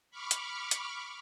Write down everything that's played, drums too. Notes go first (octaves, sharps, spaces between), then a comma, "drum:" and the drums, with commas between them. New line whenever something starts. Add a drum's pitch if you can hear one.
B5 C#6 D6 F6
drum: hi-hat
drum: hi-hat